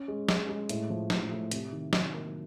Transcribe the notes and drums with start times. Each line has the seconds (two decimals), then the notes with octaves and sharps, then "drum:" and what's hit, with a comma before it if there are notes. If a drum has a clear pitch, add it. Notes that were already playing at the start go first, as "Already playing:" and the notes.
Already playing: C#4
0.08 G#3
0.29 G#3, drum: snare
0.49 G#3
0.69 A2, drum: hi-hat
0.90 F3
1.10 A2, drum: snare
1.31 A2
1.51 C3, drum: hi-hat
1.72 D#3
1.93 F#3, drum: snare
2.13 A#3